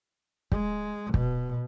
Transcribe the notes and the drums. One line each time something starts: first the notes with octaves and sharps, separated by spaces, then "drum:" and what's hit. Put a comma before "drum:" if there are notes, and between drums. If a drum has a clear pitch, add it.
G#3, drum: kick
B2, drum: kick